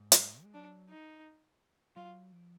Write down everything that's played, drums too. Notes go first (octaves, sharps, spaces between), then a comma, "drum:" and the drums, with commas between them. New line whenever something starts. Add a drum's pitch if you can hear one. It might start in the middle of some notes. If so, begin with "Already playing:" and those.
Already playing: G#2
drum: hi-hat
G#3
F#3 D4
D#4
F#3 F4
F3